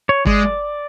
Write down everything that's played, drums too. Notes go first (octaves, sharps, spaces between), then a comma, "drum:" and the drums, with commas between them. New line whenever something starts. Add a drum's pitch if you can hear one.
C#5
G#3 D5, drum: kick G1